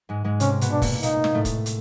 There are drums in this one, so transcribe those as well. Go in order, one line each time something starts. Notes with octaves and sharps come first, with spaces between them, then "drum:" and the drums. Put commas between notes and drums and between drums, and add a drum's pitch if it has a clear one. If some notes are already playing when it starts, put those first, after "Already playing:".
G#2 G#3
G#2 G#3
C3 C4 C#4, drum: hi-hat
B2 B3, drum: hi-hat
D4
A#2 A#3, drum: kick, open hi-hat
A#2 A#3 D#4, drum: hi-hat
drum: snare
A2 A3
drum: kick, hi-hat
drum: hi-hat